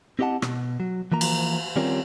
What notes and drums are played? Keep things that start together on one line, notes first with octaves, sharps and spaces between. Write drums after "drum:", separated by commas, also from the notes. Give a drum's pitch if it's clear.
C4 E4 G4 D#5 F#5 A5
B2, drum: rim click
F#3
E3 F3 A#3 A#5
drum: cymbal
D#3 G3 C4 C#4 F4 A#4